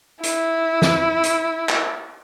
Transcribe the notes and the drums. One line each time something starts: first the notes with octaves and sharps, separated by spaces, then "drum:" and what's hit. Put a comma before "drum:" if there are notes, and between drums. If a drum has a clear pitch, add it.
E4, drum: hi-hat
drum: snare
drum: hi-hat
drum: clap